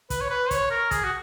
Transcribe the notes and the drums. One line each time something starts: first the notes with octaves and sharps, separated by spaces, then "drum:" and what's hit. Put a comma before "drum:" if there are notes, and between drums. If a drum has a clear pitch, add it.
B4, drum: kick, hi-hat
C#5
B4
C#5, drum: kick, hi-hat
A#4
G#4, drum: kick, hi-hat
F#4